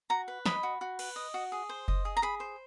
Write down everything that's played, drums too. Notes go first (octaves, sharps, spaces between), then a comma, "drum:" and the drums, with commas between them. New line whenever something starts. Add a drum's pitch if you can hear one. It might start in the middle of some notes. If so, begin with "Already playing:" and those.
F#4 A#5
B4
D#5 B5, drum: snare
F#4
F#4
B4, drum: cymbal
D#5
F#4
G#4
C5
D#5, drum: kick F#1
G#4
A#5
G#4 B5
C5